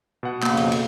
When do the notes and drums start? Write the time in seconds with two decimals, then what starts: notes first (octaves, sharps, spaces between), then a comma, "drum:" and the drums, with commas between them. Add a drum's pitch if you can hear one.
0.23 B2 F#5
0.43 F2 C#3 A#3, drum: clap
0.57 drum: cymbal
0.72 drum: cymbal